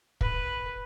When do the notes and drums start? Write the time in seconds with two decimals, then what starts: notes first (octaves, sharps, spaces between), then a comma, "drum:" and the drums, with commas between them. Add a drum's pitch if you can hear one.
0.21 B4, drum: kick